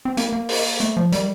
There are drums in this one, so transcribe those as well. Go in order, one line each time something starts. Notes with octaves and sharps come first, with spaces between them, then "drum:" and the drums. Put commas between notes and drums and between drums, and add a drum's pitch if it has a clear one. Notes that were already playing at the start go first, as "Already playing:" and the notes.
C4
A#3, drum: hi-hat
A#3
drum: open hi-hat
A3, drum: hi-hat
F3
G3, drum: hi-hat